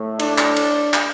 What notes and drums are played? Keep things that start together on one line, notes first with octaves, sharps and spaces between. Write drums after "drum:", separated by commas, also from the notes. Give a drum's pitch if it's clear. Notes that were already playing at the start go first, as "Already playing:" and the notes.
Already playing: A2 A3
D4, drum: cymbal
drum: clap
drum: cymbal
drum: clap